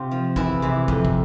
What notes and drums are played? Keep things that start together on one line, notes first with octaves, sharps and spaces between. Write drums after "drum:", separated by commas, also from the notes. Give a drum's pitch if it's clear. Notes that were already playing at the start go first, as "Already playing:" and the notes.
Already playing: C3 F4 G4
F3
E2 E3 E4, drum: kick
C3 E3
F2, drum: kick
drum: kick